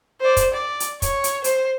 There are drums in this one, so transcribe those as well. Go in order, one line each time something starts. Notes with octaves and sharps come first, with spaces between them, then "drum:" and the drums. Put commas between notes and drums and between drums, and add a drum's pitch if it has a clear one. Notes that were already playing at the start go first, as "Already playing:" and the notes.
C5 D5
drum: kick, hi-hat
D5
drum: hi-hat
C#5, drum: kick, hi-hat
drum: hi-hat
C5, drum: hi-hat